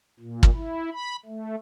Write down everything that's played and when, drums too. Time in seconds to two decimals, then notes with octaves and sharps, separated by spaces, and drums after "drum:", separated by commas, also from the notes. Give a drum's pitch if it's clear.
0.20 A#2
0.43 drum: kick
0.55 E4
0.93 B5
1.26 A3